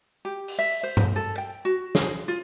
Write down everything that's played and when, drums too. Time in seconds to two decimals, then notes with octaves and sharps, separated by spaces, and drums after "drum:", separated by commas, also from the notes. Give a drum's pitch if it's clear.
0.25 G4
0.48 drum: open hi-hat
0.59 E5
0.83 C5
0.97 drum: tom G2
1.16 A4
1.38 G5
1.65 F#4
1.95 G#4, drum: snare
2.28 F4